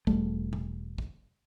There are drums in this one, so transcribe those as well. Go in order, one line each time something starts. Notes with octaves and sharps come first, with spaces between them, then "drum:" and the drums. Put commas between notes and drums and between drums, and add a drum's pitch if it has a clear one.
E1 G3 A3, drum: kick
drum: tom A2
drum: kick